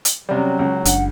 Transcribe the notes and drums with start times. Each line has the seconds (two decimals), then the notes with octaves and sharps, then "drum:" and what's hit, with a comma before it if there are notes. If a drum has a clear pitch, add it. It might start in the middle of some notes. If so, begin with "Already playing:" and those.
0.05 drum: hi-hat
0.29 C3 F#3 G3 C#4
0.59 C#2
0.85 F#1 D4 F#5, drum: hi-hat